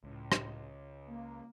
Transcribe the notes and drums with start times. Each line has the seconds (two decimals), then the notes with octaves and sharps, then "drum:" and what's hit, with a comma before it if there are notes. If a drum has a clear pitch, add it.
0.04 C#2 A2
0.32 drum: rim click
1.08 A#3